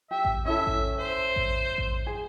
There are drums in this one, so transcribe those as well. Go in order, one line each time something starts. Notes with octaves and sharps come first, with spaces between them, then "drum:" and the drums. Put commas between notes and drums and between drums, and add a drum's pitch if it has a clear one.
G4 E5
drum: kick A1
C#4 E4 A4 E5
drum: kick A1
C5
drum: kick A1
drum: kick A1
G#4